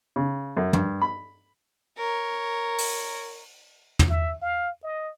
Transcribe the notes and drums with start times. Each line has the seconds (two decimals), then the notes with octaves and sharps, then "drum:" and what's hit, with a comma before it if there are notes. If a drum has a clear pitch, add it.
0.16 C#3
0.57 F#2
0.73 G2, drum: tom
1.01 B5
1.98 A#4 C#5
2.78 drum: open hi-hat
3.99 drum: tom
4.10 E5
4.42 F5
4.83 D#5